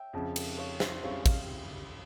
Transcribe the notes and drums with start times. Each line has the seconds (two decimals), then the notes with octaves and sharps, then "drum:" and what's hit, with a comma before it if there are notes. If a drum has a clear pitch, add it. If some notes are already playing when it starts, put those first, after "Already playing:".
Already playing: C#5 E5 G5
0.13 F2 C#3 F3
0.36 drum: cymbal
0.58 C#5 F5
0.80 C5 E5, drum: snare
1.03 F2 C#3 G3 C#5 F5
1.26 drum: kick, cymbal